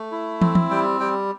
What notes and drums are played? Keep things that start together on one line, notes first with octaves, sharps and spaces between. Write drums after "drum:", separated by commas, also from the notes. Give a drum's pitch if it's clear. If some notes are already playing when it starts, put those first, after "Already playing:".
Already playing: A3
E4
C4, drum: tom
drum: tom
G3 G5
G3 G5